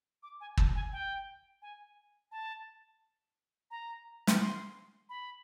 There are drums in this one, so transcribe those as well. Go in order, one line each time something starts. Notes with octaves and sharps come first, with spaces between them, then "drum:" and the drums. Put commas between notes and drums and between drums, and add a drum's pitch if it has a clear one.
D6
G#5
A5, drum: kick
G#5
G5
G#5
A5
A#5
drum: snare
C6
B5